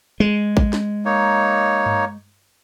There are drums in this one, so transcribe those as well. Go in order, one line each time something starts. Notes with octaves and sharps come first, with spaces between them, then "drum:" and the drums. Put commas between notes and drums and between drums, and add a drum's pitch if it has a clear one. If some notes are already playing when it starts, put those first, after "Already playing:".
G#3
drum: kick A#1
drum: snare
A#3 D#4 C#5
drum: tom G2